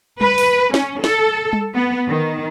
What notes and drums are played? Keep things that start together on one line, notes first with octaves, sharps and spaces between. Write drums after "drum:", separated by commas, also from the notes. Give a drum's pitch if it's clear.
B4, drum: tom G3
drum: open hi-hat
C#4, drum: snare
A4, drum: snare
drum: tom G3
B3
D#3